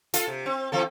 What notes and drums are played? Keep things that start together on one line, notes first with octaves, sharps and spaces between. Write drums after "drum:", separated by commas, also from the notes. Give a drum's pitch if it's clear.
F4 A4, drum: hi-hat
C3
C4
E3 C4 A4